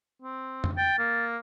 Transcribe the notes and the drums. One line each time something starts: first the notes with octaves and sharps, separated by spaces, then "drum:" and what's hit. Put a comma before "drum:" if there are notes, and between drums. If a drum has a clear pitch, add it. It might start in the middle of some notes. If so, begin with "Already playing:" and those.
C4
drum: tom F2
G5 A6
A#3